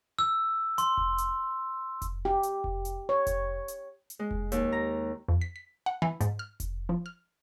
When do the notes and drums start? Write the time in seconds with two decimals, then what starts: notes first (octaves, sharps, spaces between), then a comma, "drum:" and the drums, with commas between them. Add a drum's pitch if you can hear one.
0.19 E6
0.78 C6, drum: hi-hat
0.97 drum: kick F1
1.18 drum: hi-hat
2.02 drum: kick F1, hi-hat
2.25 G4
2.43 drum: hi-hat
2.64 drum: kick F1
2.85 drum: hi-hat
3.09 C#5
3.27 drum: kick F1, hi-hat
3.68 drum: hi-hat
4.10 drum: hi-hat
4.19 G#3
4.31 drum: kick F1
4.52 D#2, drum: hi-hat
4.72 A#5
5.28 F2
5.41 B6
5.56 B6
5.86 F#5
6.02 E3
6.21 G#2, drum: hi-hat
6.39 F6
6.60 drum: kick F1, hi-hat
6.89 F3
7.06 F6